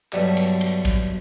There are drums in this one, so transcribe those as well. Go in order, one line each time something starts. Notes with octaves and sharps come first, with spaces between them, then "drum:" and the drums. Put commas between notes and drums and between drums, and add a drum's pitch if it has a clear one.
G2 B2 F#3 G3 A3, drum: clap
drum: cymbal
drum: cymbal
drum: kick, cymbal